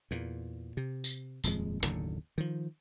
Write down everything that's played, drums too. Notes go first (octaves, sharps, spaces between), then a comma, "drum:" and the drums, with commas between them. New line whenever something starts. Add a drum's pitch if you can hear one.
E2 A#2
C3
drum: tambourine
D#1 F2 G#3, drum: tambourine
F#1 D#2 A2 D3, drum: hi-hat
D#3 F3